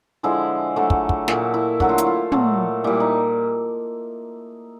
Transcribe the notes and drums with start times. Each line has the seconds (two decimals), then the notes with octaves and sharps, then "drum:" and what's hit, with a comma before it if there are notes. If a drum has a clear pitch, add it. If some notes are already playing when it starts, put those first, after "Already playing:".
0.23 D3 F3 G#3 E4
0.76 D3 F#3 A3
0.90 drum: kick
1.09 drum: kick
1.28 A#2 F#3 A3 E4, drum: snare
1.54 E4
1.80 D3 F#3 A3 F#4, drum: kick
1.89 F4
1.98 E4, drum: hi-hat
2.06 F4
2.32 A#2 F#3 A3, drum: tom
2.84 A#2 G3 E4
3.00 D#4